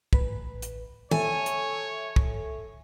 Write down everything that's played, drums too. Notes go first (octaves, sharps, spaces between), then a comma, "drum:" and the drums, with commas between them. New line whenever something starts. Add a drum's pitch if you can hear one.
A1 B4, drum: kick
drum: hi-hat
A4 C#5 E5 G#5, drum: tom D#3
drum: hi-hat
drum: kick